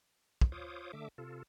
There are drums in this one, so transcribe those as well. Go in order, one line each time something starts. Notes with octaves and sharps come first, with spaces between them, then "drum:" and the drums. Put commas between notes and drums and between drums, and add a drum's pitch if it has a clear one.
drum: kick
F4 C5 C#5 D6 D#6
D3 A3 E5 D6
C3 F4 A4